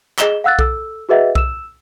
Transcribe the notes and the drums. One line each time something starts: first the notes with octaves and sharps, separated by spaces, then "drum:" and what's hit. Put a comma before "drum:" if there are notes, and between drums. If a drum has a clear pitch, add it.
G#4 D#5 E7 G7, drum: clap
F5 F#5 E6 F#6 A6
A4 E6, drum: kick B1
F#4 G#4 B4 D#5 E5 F#5
E6 E7, drum: kick B1